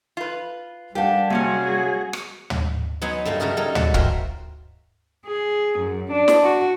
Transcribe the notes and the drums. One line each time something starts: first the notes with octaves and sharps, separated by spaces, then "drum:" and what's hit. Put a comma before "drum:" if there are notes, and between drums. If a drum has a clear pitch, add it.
F4 B4
G3 D4 G4 A#4 F5 F#5
C3 F#3 A#3 C#4 F#4 G#4 G#5
drum: rim click
drum: tom
F#3 B3 D#4 G#5 C6
G2 A3 A#3 D4
C#3 G3 F#4 A#4 D#5
F#3 G3 D#4 A4 A#4
F#5 A5, drum: tom
F4 F#4 A#4 C5 E5 G5, drum: kick
G#4
F#2
D4
drum: snare
F#4